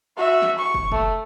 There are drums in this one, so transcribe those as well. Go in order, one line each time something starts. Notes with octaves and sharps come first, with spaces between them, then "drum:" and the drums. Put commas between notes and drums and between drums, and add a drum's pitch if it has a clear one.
F#4 E5
drum: snare
C#6
drum: kick
A3, drum: kick